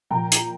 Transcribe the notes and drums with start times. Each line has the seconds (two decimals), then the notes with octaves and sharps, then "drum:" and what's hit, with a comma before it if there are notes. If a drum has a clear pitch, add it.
0.11 A#2 F3 G5 A#5
0.32 drum: hi-hat